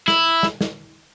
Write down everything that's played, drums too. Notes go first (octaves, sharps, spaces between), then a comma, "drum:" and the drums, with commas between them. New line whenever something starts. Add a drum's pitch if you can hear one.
E4, drum: snare
drum: snare
drum: snare